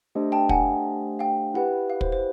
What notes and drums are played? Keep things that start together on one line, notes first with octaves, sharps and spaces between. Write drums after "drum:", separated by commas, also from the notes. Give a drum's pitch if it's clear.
A3 D4 G4 C5 D#5
G5 A5
F#5 G#5, drum: kick
F5 G5
E4 G4 B4 F#5
F5
C5, drum: kick
C5